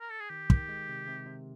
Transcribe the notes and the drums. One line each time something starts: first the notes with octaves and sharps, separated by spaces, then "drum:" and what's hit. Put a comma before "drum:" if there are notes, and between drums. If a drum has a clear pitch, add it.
A#4
A4
G#4
D#3 G4
D#3, drum: kick
G#3
C3
C3
C3